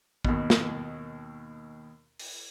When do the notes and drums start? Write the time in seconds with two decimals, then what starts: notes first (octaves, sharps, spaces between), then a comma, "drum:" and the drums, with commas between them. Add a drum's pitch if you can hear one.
0.25 D#2 B2, drum: kick A1
0.50 drum: snare
2.20 drum: open hi-hat